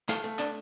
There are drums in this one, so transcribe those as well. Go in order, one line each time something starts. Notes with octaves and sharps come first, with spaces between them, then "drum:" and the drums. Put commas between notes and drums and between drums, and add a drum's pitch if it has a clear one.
A3 F5, drum: clap
A3
D4, drum: clap